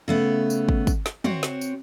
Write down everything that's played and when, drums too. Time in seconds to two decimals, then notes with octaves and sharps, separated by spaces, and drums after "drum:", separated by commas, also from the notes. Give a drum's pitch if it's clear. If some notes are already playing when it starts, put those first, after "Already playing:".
0.08 C#3 A3 B3
0.50 drum: tambourine
0.69 drum: kick
0.87 drum: kick, tambourine
1.06 drum: snare
1.24 C4 F#4 C5 C#5, drum: tom
1.43 drum: snare
1.61 drum: tambourine